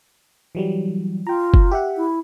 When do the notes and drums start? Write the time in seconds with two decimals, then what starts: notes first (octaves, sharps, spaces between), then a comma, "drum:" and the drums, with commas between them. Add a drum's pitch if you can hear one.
0.55 E3 F#3 G3
1.27 F4 G5 A#5
1.54 drum: kick F#1
1.71 G4 E5 F#5
1.97 E4